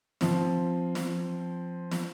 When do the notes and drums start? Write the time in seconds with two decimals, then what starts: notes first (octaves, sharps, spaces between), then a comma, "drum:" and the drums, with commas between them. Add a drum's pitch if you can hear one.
0.21 F3 C4, drum: snare
0.95 drum: snare
1.92 drum: snare